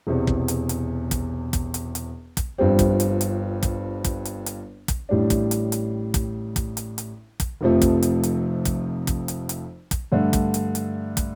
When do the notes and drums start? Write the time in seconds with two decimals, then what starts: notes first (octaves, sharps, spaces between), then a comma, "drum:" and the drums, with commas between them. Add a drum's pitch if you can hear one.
0.07 E1 E2 C3
0.27 drum: kick
0.48 drum: hi-hat
0.69 drum: hi-hat
1.11 drum: kick, hi-hat
1.53 drum: kick, hi-hat
1.74 drum: hi-hat
1.95 drum: hi-hat
2.37 drum: kick, hi-hat
2.58 G1 G2 F3 C4 G4
2.79 drum: kick, hi-hat
3.00 drum: hi-hat
3.21 drum: hi-hat
3.63 drum: kick, hi-hat
4.04 drum: kick, hi-hat
4.25 drum: hi-hat
4.46 drum: hi-hat
4.88 drum: kick, hi-hat
5.09 A1 A2 G3 D4
5.30 drum: kick, hi-hat
5.51 drum: hi-hat
5.72 drum: hi-hat
6.14 drum: kick, hi-hat
6.56 drum: kick, hi-hat
6.77 drum: hi-hat
6.98 drum: hi-hat
7.40 drum: kick, hi-hat
7.61 F1 F2 C3 F3 A3
7.82 drum: kick, hi-hat
8.02 drum: hi-hat
8.23 drum: hi-hat
8.65 drum: kick, hi-hat
9.07 drum: kick, hi-hat
9.28 drum: hi-hat
9.49 drum: hi-hat
9.91 drum: kick, hi-hat
10.12 G2 D3 A3
10.33 drum: kick, hi-hat
10.54 drum: hi-hat
10.75 drum: hi-hat
11.17 drum: kick, hi-hat